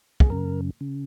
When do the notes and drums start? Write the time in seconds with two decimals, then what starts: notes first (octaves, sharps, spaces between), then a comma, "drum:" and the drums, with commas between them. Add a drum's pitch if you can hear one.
0.20 G#4, drum: kick
0.30 F#2 C#3 A#4
0.81 C#3